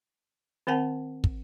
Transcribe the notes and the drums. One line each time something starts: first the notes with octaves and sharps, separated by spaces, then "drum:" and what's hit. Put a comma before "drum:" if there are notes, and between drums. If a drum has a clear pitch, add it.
D#3 C4 A#4 F#5 A5
drum: kick